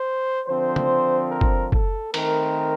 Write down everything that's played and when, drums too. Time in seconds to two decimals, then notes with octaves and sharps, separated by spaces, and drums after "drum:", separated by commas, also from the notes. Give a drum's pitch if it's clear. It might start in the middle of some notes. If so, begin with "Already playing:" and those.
Already playing: C5
0.47 D3 F3 C4 C5
0.76 drum: tom C#3
1.30 A#4
1.41 drum: kick
1.72 A4, drum: kick
2.14 D#3 A3 C4 A#4, drum: cymbal